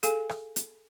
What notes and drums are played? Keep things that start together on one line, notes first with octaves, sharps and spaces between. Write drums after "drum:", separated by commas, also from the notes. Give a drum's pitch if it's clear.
G#4 A4 F5 G#5, drum: hi-hat
drum: rim click
drum: hi-hat